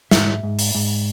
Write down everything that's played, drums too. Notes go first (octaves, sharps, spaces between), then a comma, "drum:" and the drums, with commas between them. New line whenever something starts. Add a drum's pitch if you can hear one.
G#2 E5, drum: snare
G#2
drum: open hi-hat
G#2